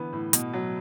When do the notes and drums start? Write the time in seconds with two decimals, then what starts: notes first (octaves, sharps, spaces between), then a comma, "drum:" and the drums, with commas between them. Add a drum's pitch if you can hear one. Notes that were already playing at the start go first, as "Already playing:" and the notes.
Already playing: D3 E3 B3
0.13 A2
0.33 B2, drum: hi-hat
0.53 F#3